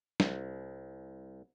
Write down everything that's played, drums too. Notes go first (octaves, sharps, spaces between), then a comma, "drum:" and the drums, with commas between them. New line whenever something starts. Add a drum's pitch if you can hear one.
C2, drum: snare